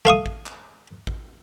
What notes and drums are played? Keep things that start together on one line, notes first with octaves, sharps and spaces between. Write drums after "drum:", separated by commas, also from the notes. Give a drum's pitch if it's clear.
A3 F5 C#6 D#6
drum: kick
drum: clap
drum: kick